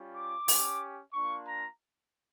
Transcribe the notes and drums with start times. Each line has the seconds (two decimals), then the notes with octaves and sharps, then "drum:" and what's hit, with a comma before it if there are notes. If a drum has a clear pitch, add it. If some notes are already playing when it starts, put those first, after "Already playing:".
Already playing: G3 C#4 F4
0.15 D6
0.48 C#4 G4, drum: open hi-hat
1.13 A#3 D4 F4 C#6
1.45 A#5